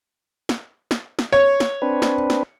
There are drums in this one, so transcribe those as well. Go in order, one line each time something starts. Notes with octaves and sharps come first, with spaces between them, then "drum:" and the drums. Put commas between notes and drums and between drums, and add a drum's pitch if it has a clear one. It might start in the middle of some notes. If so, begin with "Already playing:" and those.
drum: snare
drum: snare
drum: snare
C#5
drum: snare
C4 D4 B4
drum: snare
drum: snare